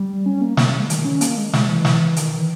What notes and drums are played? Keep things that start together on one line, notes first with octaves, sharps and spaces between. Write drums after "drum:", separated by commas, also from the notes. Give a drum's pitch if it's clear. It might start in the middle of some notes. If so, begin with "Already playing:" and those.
Already playing: G3
C#4
A#3
A#3, drum: snare
G3
G#3
D#3, drum: hi-hat
C#4
A#3, drum: hi-hat
G#3
G#3, drum: snare
E3
drum: snare
D#3, drum: hi-hat
E3